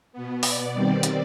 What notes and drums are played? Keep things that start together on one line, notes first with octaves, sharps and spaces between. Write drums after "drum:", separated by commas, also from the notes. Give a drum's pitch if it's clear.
B2 B3
B2 B3 D5, drum: open hi-hat
D#3 G3 C4
drum: hi-hat